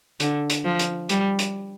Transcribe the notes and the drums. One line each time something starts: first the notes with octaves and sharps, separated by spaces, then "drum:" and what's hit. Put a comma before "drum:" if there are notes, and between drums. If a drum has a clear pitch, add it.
D3, drum: hi-hat
drum: hi-hat
F3
drum: hi-hat
G3, drum: hi-hat
drum: hi-hat